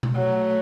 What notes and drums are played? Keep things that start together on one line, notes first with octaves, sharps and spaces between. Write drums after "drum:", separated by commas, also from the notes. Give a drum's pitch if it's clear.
drum: tom B2
F#3 A3